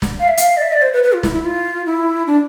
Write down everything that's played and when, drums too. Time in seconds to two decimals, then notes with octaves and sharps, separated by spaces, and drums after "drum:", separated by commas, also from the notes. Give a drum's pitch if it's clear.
0.02 drum: snare
0.20 F5
0.28 E5
0.37 F5, drum: hi-hat
0.57 D5
0.62 E5
0.73 D5
0.82 C5
0.93 B4
1.04 B4
1.13 F4
1.23 E4, drum: snare
1.34 E4
1.45 F4
1.86 E4
2.27 D4